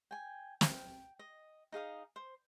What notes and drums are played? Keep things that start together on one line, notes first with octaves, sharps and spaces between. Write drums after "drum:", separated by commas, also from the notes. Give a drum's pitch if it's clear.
G5 G#5
G5, drum: snare
D#5
D#4 G#4 F5 D#6
C5